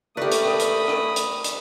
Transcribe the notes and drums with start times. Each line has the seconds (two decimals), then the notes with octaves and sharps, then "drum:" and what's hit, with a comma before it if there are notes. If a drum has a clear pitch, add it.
0.17 A3 G4 A#4 B4 D5 B5 C#6 D#6
0.31 drum: hi-hat
0.45 drum: rim click
0.60 drum: hi-hat
0.88 drum: rim click
1.16 drum: hi-hat
1.44 drum: hi-hat